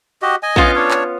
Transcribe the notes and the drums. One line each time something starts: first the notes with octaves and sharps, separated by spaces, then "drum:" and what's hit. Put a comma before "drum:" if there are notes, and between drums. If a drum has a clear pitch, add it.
F#4 G4 D#5
D#5 G#5
B3 C#4 F4, drum: kick A#1
D4 C#5
drum: clap